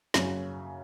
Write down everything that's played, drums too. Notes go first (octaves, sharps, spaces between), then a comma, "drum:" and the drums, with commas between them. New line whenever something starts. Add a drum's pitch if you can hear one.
F#2 C#3 F#3, drum: snare